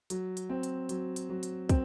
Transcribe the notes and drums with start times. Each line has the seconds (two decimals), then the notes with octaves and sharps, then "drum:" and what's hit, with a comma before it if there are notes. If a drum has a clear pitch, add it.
0.10 F#3, drum: hi-hat
0.37 drum: hi-hat
0.49 C4
0.63 drum: hi-hat
0.89 F#3, drum: hi-hat
1.16 drum: hi-hat
1.29 F#3
1.43 drum: hi-hat
1.69 C4, drum: kick, hi-hat